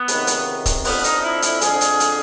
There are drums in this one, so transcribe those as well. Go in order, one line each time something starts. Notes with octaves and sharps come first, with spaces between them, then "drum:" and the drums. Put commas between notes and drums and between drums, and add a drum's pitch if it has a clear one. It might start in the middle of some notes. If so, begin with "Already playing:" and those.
Already playing: B3
C#2 C3 D#3, drum: hi-hat
drum: hi-hat
drum: kick C#1, hi-hat
F2 D3 F3 B3, drum: open hi-hat
D#4, drum: hi-hat
E4
E4, drum: hi-hat
F2 D3 F3 G#4, drum: hi-hat
drum: hi-hat
drum: hi-hat